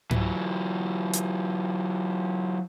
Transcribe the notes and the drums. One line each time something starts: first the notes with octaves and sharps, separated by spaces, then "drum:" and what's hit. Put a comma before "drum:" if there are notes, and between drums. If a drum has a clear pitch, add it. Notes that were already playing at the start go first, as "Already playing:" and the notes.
E3 F#3, drum: tom G#2
drum: hi-hat